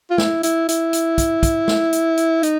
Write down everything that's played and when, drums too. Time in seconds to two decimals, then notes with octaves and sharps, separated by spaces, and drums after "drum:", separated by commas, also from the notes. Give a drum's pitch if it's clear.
0.10 F4
0.18 E4, drum: snare
0.43 E4, drum: hi-hat
0.69 E4, drum: hi-hat
0.93 drum: hi-hat
1.18 drum: kick, hi-hat
1.43 drum: kick, hi-hat
1.68 drum: snare
1.93 drum: hi-hat
2.18 drum: hi-hat
2.43 D#4, drum: hi-hat